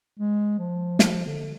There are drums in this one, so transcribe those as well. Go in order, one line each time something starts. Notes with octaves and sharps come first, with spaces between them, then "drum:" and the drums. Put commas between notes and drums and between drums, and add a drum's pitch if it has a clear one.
G#3
F3
F3, drum: snare
D3